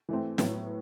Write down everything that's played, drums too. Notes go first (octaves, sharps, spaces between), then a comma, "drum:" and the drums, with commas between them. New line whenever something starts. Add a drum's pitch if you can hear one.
E3 A3 C4
A2 F#3 B3, drum: snare